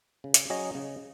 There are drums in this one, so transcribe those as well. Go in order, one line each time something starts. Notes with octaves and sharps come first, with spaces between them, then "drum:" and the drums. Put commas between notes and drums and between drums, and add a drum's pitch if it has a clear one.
C#3
drum: hi-hat
F#3 C#4 G#4 D#5
C#3